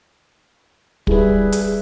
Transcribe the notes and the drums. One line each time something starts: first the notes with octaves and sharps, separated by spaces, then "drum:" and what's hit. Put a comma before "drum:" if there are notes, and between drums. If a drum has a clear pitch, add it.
G3 E4 G#4 B4, drum: kick
drum: hi-hat